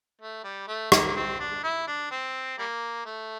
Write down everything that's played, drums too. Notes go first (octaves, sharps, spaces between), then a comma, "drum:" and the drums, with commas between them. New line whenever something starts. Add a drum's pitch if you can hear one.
A3
G3
A3
A#3, drum: rim click
A#3
C4
D4
E4
D4
C4
G3 A#3
A3